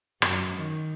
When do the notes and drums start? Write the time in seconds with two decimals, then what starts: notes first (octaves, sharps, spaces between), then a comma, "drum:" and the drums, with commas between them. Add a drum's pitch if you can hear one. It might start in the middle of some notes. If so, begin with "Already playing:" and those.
0.22 F#2, drum: rim click
0.55 D#3